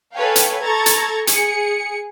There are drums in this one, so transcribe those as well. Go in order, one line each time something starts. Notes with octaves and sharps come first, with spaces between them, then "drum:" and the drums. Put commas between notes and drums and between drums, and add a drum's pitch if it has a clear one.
A4 B4 C#5 F5 G5 G#5
drum: hi-hat
A4 A#5 C#6 G#6 A6
drum: hi-hat
G#4 C#7, drum: hi-hat